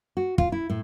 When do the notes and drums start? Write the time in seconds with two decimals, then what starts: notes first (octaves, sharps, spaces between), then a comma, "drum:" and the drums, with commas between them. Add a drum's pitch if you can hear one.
0.17 F#4
0.38 F4, drum: kick
0.52 E4
0.70 A2